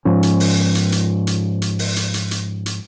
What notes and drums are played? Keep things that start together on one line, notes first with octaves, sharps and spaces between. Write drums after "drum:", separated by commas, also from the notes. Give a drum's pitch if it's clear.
G#2 F3 C#4
drum: hi-hat
drum: open hi-hat
drum: hi-hat
drum: hi-hat
drum: hi-hat
drum: hi-hat
drum: open hi-hat
drum: hi-hat
drum: hi-hat
drum: hi-hat
drum: hi-hat